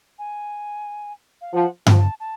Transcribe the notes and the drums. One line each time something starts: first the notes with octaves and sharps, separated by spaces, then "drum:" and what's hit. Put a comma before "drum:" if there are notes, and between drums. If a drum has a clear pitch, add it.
G#5
F5
F3 F#5
F3, drum: tom G2
A5
A5